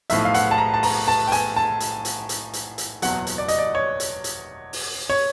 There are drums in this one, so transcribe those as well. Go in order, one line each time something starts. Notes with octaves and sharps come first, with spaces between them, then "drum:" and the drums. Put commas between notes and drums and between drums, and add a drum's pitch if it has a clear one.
B1 A2 F3 E5, drum: hi-hat
F5
F#5, drum: hi-hat
A5
A#5
A5
A#5, drum: open hi-hat
A5
G5
G#5, drum: hi-hat
A5
drum: hi-hat
drum: hi-hat
drum: hi-hat
drum: hi-hat
drum: hi-hat
F#1 E2 B2 F#3 F#5, drum: hi-hat
drum: hi-hat
D5
D#5, drum: hi-hat
D5
C#5
drum: hi-hat
drum: hi-hat
drum: open hi-hat
C#5